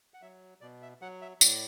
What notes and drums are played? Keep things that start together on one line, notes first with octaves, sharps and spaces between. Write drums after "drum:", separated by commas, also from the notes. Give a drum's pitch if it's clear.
F#5
F#3 E5
B2 D5
E5
F#3 F#5
E5
A2 D5, drum: tambourine